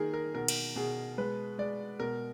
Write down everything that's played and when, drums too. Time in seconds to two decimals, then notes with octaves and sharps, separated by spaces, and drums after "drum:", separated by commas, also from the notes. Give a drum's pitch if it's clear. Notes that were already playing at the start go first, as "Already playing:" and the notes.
Already playing: D#3 A#3 G#4 A#4
0.14 A#4
0.35 B2 A#4
0.48 drum: cymbal
0.76 B2 G#4
1.18 G#3 B4
1.58 G#3 D5
2.00 B2 A#4